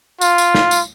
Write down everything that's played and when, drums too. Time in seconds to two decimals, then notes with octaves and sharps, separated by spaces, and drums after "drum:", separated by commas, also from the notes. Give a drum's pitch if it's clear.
0.21 F4, drum: tambourine
0.38 drum: tambourine
0.55 drum: snare
0.71 drum: tambourine